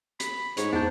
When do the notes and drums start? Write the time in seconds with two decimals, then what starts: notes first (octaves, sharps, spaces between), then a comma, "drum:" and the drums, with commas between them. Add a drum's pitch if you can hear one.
0.20 B5, drum: hi-hat
0.57 G#2 C#5, drum: hi-hat
0.72 E2 D4 A5 G6